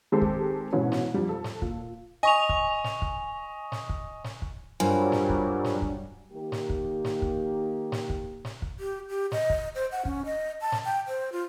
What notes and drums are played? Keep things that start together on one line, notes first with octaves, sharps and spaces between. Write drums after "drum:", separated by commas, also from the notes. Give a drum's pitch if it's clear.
D#3 G#3 C4 G4 A4 C5
drum: kick
G#2 B2 E3 B3 C#4
drum: snare
F2 G3
A4
drum: snare
A#2, drum: kick
D#5 G#5 C#6 F7
drum: kick
drum: snare
drum: kick
drum: snare
drum: kick
drum: snare
drum: kick
G2 F#3 G3 F4 A#4 C5 G#5
drum: snare
drum: kick
drum: snare
drum: kick
D#3 A#3 G4
drum: snare
drum: kick
drum: snare
drum: kick
drum: snare
drum: kick
drum: snare
drum: kick
G4
G4
D#5, drum: snare
drum: kick
C5
F#5
C#4, drum: kick
D#5
A5
drum: snare
G5
C5
F4